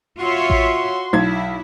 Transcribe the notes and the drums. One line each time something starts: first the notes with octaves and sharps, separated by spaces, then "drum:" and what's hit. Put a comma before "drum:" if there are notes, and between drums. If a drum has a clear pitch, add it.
F4 F#4 C#5 E5 C6
drum: kick A1
B1 E4 G#6